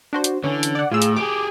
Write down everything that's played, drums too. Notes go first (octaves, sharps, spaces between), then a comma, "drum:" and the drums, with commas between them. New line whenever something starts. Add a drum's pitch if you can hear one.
D4 F#4 C5
drum: hi-hat
D3 E3 C#4
drum: hi-hat
D5 F#5
A2 F4 G#4 E6
drum: hi-hat
G4 G#4 D6